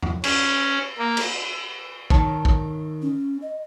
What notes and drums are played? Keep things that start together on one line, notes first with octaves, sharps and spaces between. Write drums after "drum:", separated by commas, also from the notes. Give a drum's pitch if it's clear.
drum: tom E2
C#4, drum: cymbal
A#3
drum: cymbal
D#3 C#5 A5, drum: kick
drum: kick
C#4
D#5